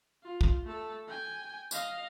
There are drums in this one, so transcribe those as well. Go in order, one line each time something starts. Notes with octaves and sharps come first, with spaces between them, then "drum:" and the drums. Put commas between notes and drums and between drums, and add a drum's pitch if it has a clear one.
F4
drum: kick
A3 A4
G5 G#5
D#5 F5, drum: tambourine